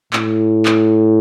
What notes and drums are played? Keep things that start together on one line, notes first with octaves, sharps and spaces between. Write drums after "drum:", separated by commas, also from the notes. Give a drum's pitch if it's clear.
A2, drum: clap
drum: clap